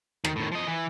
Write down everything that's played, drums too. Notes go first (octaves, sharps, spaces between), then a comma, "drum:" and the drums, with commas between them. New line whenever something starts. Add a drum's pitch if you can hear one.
D#3, drum: rim click
A2 D#3
F3 D#5
E3